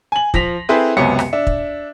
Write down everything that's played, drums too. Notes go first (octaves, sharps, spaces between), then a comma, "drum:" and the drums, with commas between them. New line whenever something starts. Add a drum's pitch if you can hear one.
G#5 F#7
F3 A#6 B6 F7, drum: kick
C4 E4 G#4 A4 B4 C5
C#2 F#2 C3 B3 C#5 C#7
drum: rim click
D4 E5
drum: kick